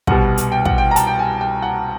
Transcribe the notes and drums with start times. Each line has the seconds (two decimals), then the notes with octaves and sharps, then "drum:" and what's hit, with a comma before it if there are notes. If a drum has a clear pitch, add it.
0.07 C2 B2 G3 F#5, drum: kick
0.37 drum: hi-hat
0.52 G5
0.65 F#5, drum: kick
0.78 G5
0.91 A#5
0.96 A5, drum: hi-hat
1.07 G5
1.19 G#5
1.41 G5
1.62 F#5